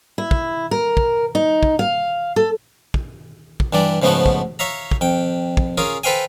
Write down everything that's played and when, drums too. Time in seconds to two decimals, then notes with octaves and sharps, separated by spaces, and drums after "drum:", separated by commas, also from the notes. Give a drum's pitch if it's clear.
0.18 E4
0.31 drum: kick
0.71 A#4
0.97 drum: kick
1.35 D#4
1.63 drum: kick
1.79 F5
2.36 A4
2.94 drum: kick
3.60 drum: kick
3.73 G2 E3 D4 D5
4.02 G#2 C#3 F3 A3 B3 F#4
4.26 drum: kick
4.59 C#5 E5 F5 A#5
4.91 drum: kick
5.01 F2 G5
5.57 drum: kick
5.78 C#4 F4 G#4 A#4
6.04 A4 B4 C5 F5 G5 G#5